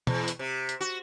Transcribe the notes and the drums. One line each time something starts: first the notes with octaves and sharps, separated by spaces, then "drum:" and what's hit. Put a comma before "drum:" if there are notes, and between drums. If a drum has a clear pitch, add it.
E2, drum: tom B2
drum: hi-hat
C3
drum: hi-hat
F#4